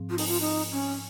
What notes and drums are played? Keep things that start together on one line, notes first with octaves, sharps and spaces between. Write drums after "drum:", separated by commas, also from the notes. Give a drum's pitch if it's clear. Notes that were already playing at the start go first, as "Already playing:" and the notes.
Already playing: G#2 F3 C4
F4
D#4, drum: open hi-hat
F4
D#4
C#4